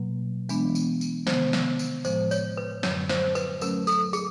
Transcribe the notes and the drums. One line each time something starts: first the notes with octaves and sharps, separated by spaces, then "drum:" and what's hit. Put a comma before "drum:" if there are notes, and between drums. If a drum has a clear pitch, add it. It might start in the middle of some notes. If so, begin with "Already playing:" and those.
Already playing: B2 F#3 A#3
E3 G#3 B3 D4, drum: tambourine
drum: tambourine
drum: tambourine
C3 D#3 G#3 B3 C5, drum: snare
drum: snare
drum: tambourine
A2 F3 G#3 C5, drum: tambourine
C#5, drum: tambourine
B4
F#2 D3 F#3 C#5, drum: snare
C5, drum: snare
B4, drum: tambourine
F#3 A3 C#4 A#4, drum: tambourine
A4, drum: tambourine
G#4, drum: tambourine